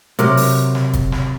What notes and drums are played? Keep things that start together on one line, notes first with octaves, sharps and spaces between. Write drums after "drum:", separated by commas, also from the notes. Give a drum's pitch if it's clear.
C3 F#3 A#4, drum: hi-hat
drum: open hi-hat
drum: snare
drum: kick, hi-hat
drum: snare